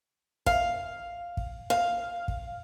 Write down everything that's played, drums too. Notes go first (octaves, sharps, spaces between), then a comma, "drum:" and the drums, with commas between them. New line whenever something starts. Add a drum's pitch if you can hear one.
F5, drum: kick
drum: kick
F5
drum: kick